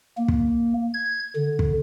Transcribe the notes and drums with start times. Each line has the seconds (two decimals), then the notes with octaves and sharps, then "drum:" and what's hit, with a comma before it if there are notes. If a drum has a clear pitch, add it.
0.18 A#3
0.28 drum: kick
0.94 G#6
1.36 D3
1.59 drum: kick